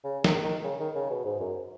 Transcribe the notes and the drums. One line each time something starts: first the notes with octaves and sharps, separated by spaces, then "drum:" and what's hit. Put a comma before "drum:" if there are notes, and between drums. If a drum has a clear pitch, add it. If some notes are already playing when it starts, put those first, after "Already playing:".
C#3
D#3, drum: snare
D#3
C#3
D#3
C#3
B2
G#2
F#2